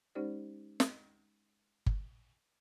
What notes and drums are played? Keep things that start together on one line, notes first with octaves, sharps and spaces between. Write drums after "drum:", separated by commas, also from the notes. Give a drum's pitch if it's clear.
G#3 C#4 D#4 G4 C5 D5
drum: snare
drum: kick G1